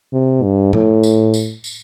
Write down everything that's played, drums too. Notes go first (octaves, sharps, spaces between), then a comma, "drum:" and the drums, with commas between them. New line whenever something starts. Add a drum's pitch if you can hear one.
C3
G2
A2, drum: tom A2
drum: tambourine
drum: tambourine
drum: tambourine